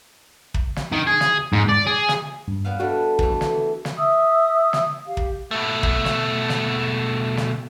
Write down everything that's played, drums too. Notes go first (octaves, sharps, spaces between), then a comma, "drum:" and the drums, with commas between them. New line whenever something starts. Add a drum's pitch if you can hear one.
drum: kick
drum: snare
D#3
G#4
drum: snare
G#2
D5
G#4
drum: snare
G2
A#2 B3 F5
G3 A3 D4 F#4
E3 A3, drum: kick
drum: snare
drum: snare
E5 D#6 E6
drum: snare
G4 F5
drum: kick
B2 A3
drum: kick
drum: snare
drum: snare
drum: snare